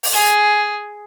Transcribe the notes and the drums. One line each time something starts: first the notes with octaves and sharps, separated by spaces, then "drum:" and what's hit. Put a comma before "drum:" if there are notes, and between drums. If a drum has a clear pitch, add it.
drum: open hi-hat
G#4